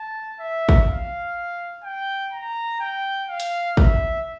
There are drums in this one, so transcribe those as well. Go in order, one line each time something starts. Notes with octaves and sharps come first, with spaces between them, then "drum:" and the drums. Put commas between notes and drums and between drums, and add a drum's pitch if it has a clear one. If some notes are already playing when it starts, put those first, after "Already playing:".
Already playing: A5
E5
drum: kick
F5
G5
A#5
G5
F5
drum: hi-hat
E5, drum: kick